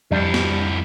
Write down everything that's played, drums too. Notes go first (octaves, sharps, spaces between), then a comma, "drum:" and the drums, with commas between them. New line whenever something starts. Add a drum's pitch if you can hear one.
F2 G3 D4 E4
drum: snare